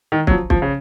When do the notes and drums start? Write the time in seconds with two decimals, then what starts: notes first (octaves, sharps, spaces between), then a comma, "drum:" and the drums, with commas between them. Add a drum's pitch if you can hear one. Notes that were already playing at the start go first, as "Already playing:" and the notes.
0.12 D#3
0.27 F#3, drum: kick
0.31 F3
0.50 F3, drum: kick
0.62 C#3